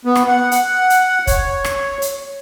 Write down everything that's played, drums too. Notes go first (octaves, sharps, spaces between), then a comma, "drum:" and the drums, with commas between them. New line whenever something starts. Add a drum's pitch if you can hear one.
B3
drum: rim click
F#5
F#5, drum: hi-hat
drum: hi-hat
C#5, drum: kick, hi-hat
drum: rim click
drum: hi-hat